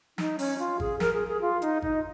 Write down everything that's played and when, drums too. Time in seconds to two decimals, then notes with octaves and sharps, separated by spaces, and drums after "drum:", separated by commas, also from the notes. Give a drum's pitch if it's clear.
0.18 D#4, drum: snare
0.39 C#4, drum: open hi-hat
0.59 F4
0.80 G#4, drum: kick G#1
1.00 A#4, drum: snare
1.14 G#4
1.28 G#4
1.41 F4
1.62 D#4, drum: hi-hat
1.82 D#4, drum: kick G#1